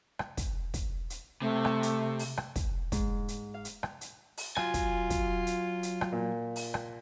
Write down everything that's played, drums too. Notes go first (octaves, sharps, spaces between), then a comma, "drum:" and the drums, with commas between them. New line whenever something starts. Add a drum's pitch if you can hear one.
drum: rim click
drum: kick, hi-hat
drum: kick, hi-hat
drum: hi-hat
C3 A3
drum: rim click
drum: hi-hat
drum: open hi-hat
drum: rim click
drum: kick, hi-hat
G#2, drum: kick, hi-hat
drum: hi-hat
F5
drum: hi-hat
drum: rim click
drum: hi-hat
drum: open hi-hat
F#3 F4 G#5, drum: rim click
drum: kick, hi-hat
drum: kick, hi-hat
drum: hi-hat
drum: hi-hat
drum: rim click
A#2
drum: open hi-hat
drum: rim click